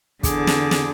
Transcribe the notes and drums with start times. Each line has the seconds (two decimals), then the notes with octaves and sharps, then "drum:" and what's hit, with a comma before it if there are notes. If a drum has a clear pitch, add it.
0.23 E2 D3 G#4 D6, drum: kick, hi-hat
0.47 drum: snare
0.71 drum: snare